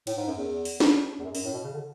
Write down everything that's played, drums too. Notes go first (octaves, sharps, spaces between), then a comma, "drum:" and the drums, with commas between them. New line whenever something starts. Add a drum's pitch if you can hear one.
A2, drum: cymbal
G#2
F#2
E2
drum: open hi-hat
drum: snare D4
E2
F#2
F#2, drum: open hi-hat
A2
B2
C#3
D3